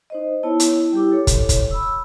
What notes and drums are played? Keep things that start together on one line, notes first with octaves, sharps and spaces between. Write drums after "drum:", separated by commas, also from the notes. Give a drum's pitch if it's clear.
D#4 C5 D#5
B3 E4 C#5 A5
E4, drum: hi-hat
G3 E4 G4 D6
A4 C#5
drum: kick, hi-hat
drum: kick, hi-hat
B5 E6